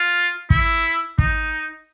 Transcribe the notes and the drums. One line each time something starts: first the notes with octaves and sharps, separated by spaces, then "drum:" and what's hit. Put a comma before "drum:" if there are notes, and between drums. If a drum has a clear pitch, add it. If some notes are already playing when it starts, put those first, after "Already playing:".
Already playing: F4
E4, drum: kick
D#4, drum: kick